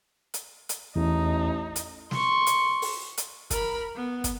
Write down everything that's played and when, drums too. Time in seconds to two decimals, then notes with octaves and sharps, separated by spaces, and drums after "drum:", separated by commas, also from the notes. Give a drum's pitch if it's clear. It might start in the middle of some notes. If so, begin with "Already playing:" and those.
0.34 drum: hi-hat
0.69 drum: hi-hat
0.96 A1 E2 D#4
1.76 drum: hi-hat
2.11 C6 C#6, drum: snare
2.47 drum: hi-hat
2.82 drum: open hi-hat
3.17 drum: hi-hat
3.50 A#4 B5, drum: kick, hi-hat
3.95 B3
4.24 drum: kick, hi-hat